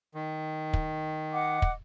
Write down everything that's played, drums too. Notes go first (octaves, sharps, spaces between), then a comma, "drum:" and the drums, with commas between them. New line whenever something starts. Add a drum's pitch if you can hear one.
D#3
drum: kick
D#5 F#5 D6
drum: kick